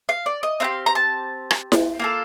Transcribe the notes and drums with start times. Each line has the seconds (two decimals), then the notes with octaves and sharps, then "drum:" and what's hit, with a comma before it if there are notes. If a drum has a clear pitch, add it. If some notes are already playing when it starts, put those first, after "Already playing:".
0.09 F5
0.26 D5
0.43 D#5
0.60 C4 D#4 G4 F5
0.86 A#5
0.95 A5
1.51 drum: rim click
1.72 drum: snare E4
1.99 A#3 F4 A4